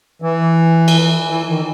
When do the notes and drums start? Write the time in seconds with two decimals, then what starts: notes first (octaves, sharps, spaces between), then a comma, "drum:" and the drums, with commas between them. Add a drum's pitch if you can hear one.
0.22 E3
0.88 drum: cymbal
1.30 E3
1.49 D#3